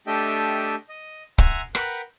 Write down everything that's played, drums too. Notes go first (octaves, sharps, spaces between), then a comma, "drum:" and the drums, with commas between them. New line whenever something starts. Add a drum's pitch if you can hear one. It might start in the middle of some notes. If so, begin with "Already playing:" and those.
A3 D4 G4 D#5 E5 G5
D#5
E5 F#5 G#5 A#5 C6, drum: kick
A#4 B4 F#5 G5 B5 F#6, drum: rim click